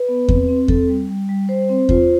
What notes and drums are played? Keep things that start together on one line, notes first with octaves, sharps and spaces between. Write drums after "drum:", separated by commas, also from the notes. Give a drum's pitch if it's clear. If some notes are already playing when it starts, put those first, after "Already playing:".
Already playing: B4
B3
C4, drum: kick E2
C4
C4 A4, drum: kick E2
G3
G3
G3
G3 C5
C4
F4 C5, drum: kick E2